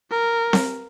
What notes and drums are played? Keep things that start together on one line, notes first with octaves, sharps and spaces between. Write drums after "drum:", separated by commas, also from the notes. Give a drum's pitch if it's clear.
A#4
drum: snare C4